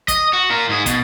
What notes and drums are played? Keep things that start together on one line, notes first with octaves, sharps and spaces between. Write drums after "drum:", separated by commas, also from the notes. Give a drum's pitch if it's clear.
D#5, drum: kick, hi-hat
F#4
F4 A#4
G#2 G#4
B2, drum: kick, hi-hat